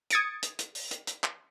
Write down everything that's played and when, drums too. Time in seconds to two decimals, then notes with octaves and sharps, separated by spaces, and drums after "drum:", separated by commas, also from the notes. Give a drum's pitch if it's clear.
0.10 D#6 G#6 A6 C#7 D7, drum: hi-hat
0.43 drum: hi-hat
0.59 drum: hi-hat
0.75 drum: open hi-hat
0.91 drum: hi-hat
1.07 drum: hi-hat
1.24 drum: clap